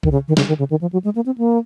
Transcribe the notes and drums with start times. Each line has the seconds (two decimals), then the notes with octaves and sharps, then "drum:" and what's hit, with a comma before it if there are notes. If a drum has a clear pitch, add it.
0.03 D#3, drum: kick B1
0.12 C#3
0.28 D#3
0.37 C#3, drum: snare
0.48 D#3
0.59 C#3
0.70 D#3
0.81 F3
0.93 F#3
1.04 G#3
1.15 A#3
1.26 C4
1.38 A#3